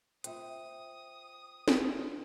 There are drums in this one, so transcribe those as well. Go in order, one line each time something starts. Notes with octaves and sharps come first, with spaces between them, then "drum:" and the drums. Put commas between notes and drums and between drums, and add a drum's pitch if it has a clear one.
F4 C5 E5 G5 D#6, drum: hi-hat
drum: snare